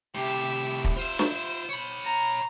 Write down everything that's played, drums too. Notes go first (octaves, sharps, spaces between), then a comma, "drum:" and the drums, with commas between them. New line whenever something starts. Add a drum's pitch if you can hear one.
A2 C3 G4 E5
drum: kick
F4 C5 E5
drum: snare
C#5 B5
A#5